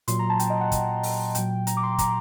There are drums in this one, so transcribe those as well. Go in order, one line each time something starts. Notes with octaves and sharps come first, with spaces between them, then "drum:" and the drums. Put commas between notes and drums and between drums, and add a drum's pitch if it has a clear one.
A#2 F#3 C6, drum: hi-hat
A#5
A5
G5, drum: hi-hat
D#5
F#5
drum: kick, hi-hat
drum: open hi-hat
A#2 F#3 G5, drum: hi-hat
A#5, drum: hi-hat
D6
C6
A#5, drum: kick, hi-hat